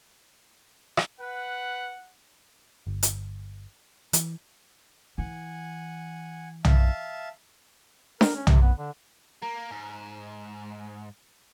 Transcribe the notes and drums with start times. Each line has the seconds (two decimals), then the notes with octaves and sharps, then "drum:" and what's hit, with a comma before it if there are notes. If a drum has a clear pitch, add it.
0.97 drum: rim click
1.20 B4 F#5
2.87 G1
3.03 drum: hi-hat
4.13 E3, drum: hi-hat
5.18 E3 F#5 G#5
6.64 E5 F5 A5, drum: tom B1
8.21 A#4, drum: snare D4
8.35 C#4
8.47 C3, drum: tom B1
8.62 B3
8.77 D3
9.42 A#3 A#5
9.71 G#2